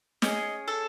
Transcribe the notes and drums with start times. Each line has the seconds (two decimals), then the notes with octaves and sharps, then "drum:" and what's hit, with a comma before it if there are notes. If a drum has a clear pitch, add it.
0.22 C#4 G#4 D#5, drum: snare
0.68 A4